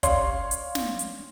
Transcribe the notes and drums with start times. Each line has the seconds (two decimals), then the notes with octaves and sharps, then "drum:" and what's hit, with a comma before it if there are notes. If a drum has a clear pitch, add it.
0.03 C#5 D5 F5 C6, drum: kick, hi-hat
0.51 drum: hi-hat
0.75 drum: snare
0.99 drum: hi-hat